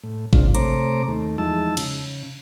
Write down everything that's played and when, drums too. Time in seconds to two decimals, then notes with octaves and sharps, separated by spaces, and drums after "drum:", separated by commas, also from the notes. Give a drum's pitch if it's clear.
0.03 A2
0.33 G#2 C3 D4 F4, drum: kick G#1
0.55 C3 A3 C5 C#5 A#5 D6, drum: hi-hat
1.08 D#2 A3
1.38 E2 F3 G#3 D#4 A5 E6
1.77 C#3, drum: cymbal